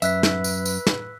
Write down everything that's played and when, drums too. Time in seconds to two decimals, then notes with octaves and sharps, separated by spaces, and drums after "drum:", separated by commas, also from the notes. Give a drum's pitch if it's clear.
0.02 F#2 B4 E5 E6 F#6 B6, drum: tambourine
0.23 drum: snare
0.44 drum: tambourine
0.65 drum: tambourine
0.87 drum: snare